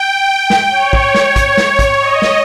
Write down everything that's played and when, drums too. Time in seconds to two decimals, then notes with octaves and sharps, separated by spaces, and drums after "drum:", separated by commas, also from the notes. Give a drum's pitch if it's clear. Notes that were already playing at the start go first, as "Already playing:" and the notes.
Already playing: G5
0.50 drum: snare
0.71 C#5
0.93 drum: kick
1.15 drum: snare
1.36 drum: kick, hi-hat
1.57 drum: snare
1.79 drum: kick, hi-hat
2.01 D#5
2.22 drum: snare